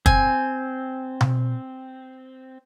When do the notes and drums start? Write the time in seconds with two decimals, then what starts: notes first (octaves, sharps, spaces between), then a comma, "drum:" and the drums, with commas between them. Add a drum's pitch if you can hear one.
0.06 C4 G#5, drum: kick
1.21 drum: tom B2